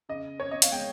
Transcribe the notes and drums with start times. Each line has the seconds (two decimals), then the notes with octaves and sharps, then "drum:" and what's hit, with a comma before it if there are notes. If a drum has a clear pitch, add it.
0.09 C#3 D#5
0.40 C#4 C#5
0.51 D#5
0.62 F5, drum: hi-hat
0.72 G#3 G5